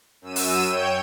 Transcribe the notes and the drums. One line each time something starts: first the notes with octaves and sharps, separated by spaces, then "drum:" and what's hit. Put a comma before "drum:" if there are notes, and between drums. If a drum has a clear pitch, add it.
F#2 E6 D#7
drum: open hi-hat
C#5 G5 G6